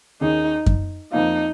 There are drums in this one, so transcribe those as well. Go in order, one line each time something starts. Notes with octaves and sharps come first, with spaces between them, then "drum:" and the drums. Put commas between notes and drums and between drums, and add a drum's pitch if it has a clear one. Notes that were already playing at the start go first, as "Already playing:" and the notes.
D#2 D#3 C#4 D#4 G#4
drum: kick F#2
F2 F3 A#3 D#4 F4